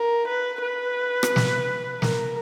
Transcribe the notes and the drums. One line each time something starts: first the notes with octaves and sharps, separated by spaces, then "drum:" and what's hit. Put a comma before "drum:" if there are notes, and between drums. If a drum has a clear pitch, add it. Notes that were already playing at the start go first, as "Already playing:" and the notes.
Already playing: A#4
B4
B4
drum: rim click
drum: snare
A#4, drum: snare